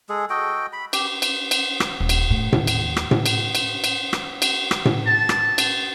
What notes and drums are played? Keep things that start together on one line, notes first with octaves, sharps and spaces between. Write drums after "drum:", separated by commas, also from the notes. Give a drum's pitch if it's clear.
G#3 G#4 A4
F#4 A4 D#5 G5
B5
G4, drum: cymbal
drum: cymbal
drum: cymbal
drum: rim click
D#1
drum: cymbal
A2
D#2, drum: tom A2
drum: cymbal
drum: rim click
drum: tom A2
drum: cymbal
drum: cymbal
drum: cymbal
drum: rim click
drum: cymbal
drum: rim click
drum: tom A2
A5
drum: rim click
drum: cymbal